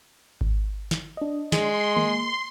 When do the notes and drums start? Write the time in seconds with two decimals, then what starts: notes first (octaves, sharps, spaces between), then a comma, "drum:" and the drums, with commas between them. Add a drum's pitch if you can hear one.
0.41 drum: kick G#1
0.91 drum: snare
1.17 D4 D#5
1.52 G#3 C6, drum: snare
1.97 A#3, drum: tom D#3